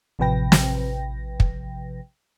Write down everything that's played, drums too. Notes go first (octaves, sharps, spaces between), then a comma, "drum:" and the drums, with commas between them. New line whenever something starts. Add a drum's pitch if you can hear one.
A1 C3 F3 B4 G5 A#6
drum: snare
drum: kick